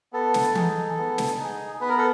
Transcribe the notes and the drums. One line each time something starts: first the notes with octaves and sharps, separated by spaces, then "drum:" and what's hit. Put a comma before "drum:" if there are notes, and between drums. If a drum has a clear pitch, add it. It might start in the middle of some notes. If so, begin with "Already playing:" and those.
B3 A4
drum: snare
D#4 G#4, drum: tom E3
B3
drum: snare
D#4 G#4
B3 B4
A#4
A4